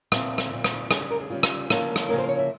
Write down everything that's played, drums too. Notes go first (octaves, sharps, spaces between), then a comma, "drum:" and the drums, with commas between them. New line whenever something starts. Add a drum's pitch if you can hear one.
A#2 F3 C4 E5, drum: rim click
drum: rim click
A#2 F3 C4
drum: rim click
C#3 G3 C#4 G#4, drum: rim click
G#4
A#4
G#4
C#3 G3 C#4 F4
drum: rim click
C#3 F3 A#3 C#4, drum: rim click
drum: rim click
C#3 F3 A#3 C#4 A#4
C5
C#5
E5